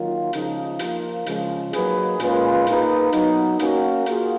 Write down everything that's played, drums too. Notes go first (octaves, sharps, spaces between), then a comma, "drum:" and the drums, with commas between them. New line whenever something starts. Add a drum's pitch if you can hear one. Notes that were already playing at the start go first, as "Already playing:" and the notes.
Already playing: D#3 F#3 A#3 F4
C#3 F3 G#3 D#4, drum: hi-hat
F3 A#3 F4, drum: hi-hat
C#3 F3 G#3, drum: hi-hat
F#3 A#3 D#4 G#4 B4, drum: hi-hat
A#2 G#3 C#4 F4 B4, drum: hi-hat
A#3 D#4 G#4 B4, drum: hi-hat
F#3 B3 D#4, drum: hi-hat
A#3 C#4 F#4 A#4, drum: hi-hat
A#3 F4 G#4, drum: hi-hat